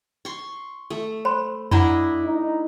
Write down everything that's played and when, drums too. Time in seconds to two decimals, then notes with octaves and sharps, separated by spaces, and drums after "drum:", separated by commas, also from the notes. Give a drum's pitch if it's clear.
0.25 C6 C#6
0.90 A3
1.25 C5 B5 C6
1.71 D4 E4 D#5 F#5 A#5 B5, drum: tom F2
2.24 D#4